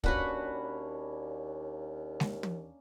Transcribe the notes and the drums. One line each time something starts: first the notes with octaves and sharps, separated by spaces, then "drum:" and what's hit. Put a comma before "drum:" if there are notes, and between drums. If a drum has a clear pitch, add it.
D#2 A#3 C#4 D4 F#4 B4 F#5, drum: kick
drum: snare G#3
drum: tom